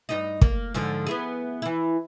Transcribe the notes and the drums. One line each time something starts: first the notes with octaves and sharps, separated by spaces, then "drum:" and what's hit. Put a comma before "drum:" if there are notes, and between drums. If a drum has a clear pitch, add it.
G2 D#4 D#5
A#3, drum: kick
G#2 D3 F3
B3 E4 G#4
E3 E4